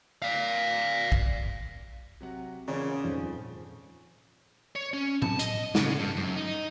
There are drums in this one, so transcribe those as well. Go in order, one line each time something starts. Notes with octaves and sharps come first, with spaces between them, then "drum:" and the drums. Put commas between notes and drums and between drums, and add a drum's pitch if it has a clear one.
D5 F5
drum: kick
C3 F#3 F#5
E2 A#2 C#3 C#4 G#4 D5
D#1 F2 G#2 F3
C#5
C#4
A5, drum: tom A2
D#5, drum: hi-hat
C#3, drum: snare
G2
F#2
D#4